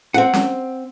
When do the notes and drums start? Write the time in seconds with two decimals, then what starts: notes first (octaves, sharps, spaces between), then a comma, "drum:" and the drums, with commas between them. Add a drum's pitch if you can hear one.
0.14 C4 F#5
0.33 drum: snare C#4